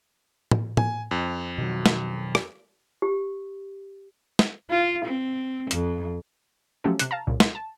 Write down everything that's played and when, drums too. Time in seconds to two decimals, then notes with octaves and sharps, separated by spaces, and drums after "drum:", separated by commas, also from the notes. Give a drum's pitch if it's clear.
0.51 drum: tom
0.77 G#5, drum: tom
1.11 F2
1.58 B2 D#3 F#3
1.86 drum: snare
2.35 drum: rim click
3.02 G4
4.39 drum: snare
4.70 F4
5.05 C4
5.71 F2, drum: hi-hat
6.84 F3 F#3 A3 C#4 G4 A4
6.99 C3 F#6, drum: hi-hat
7.11 F5 A5 A#5
7.27 C2 A#2 C#3
7.40 C6, drum: snare
7.55 A5